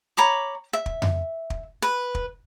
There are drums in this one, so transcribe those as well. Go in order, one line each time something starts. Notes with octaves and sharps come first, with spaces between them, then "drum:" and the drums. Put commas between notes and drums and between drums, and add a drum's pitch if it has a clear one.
C#5 A#5 B5 D6
E5
drum: kick
drum: tom F2
drum: kick
B4
drum: kick